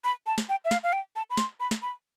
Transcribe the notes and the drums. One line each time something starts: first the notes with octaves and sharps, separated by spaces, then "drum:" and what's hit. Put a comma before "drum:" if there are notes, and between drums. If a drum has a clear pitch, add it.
B5
A5
drum: snare
G5
E5
F5, drum: snare
F5
G5
A5
B5
C6, drum: snare
B5
drum: snare
B5